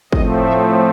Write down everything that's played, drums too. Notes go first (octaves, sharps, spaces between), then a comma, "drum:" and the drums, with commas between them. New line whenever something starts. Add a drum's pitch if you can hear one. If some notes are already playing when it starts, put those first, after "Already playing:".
A2 F3 A3 C4 D#5, drum: kick
E5